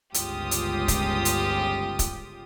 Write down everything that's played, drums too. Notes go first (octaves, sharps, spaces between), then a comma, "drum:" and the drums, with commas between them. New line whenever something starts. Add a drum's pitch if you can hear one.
G1 C#2 F4 G4 D#6, drum: hi-hat
drum: hi-hat
drum: kick D#1, hi-hat
drum: hi-hat
drum: kick D#1, hi-hat